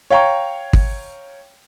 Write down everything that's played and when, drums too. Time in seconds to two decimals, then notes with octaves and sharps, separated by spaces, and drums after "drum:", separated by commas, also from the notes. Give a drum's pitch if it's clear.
0.10 C#5 F5 G5 A#5 C#6
0.73 drum: kick